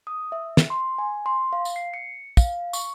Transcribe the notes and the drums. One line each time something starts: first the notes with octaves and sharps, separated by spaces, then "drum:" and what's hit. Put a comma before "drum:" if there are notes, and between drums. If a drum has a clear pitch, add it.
D#6
E5
drum: snare
C6
G#5
C6
F5
drum: tambourine
C7
C#7
F5, drum: kick, tambourine
C#6, drum: tambourine